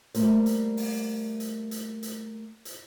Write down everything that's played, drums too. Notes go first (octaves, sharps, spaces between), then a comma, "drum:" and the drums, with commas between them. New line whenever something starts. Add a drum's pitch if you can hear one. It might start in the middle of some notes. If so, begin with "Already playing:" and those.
G3 A3 A#3 C5, drum: hi-hat
drum: hi-hat
drum: open hi-hat
drum: hi-hat
drum: hi-hat
drum: hi-hat
drum: hi-hat